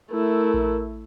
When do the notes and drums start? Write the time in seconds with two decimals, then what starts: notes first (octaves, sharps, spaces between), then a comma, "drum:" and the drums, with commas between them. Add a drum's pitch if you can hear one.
0.12 A3 E4 A#4
0.54 drum: kick A#1